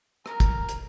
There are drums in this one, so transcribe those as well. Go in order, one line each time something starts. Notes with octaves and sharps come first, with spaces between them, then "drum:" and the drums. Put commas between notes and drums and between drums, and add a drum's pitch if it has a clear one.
A#4, drum: rim click
drum: kick, hi-hat
drum: hi-hat